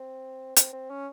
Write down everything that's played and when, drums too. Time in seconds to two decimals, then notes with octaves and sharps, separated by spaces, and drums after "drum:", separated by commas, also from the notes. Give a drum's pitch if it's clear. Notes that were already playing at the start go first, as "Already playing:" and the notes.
Already playing: C4
0.57 C4, drum: hi-hat
0.73 C4
0.90 C#4